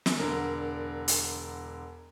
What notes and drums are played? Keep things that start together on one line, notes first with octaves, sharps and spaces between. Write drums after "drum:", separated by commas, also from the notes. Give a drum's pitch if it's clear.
drum: snare
E1 D3 A#4
drum: hi-hat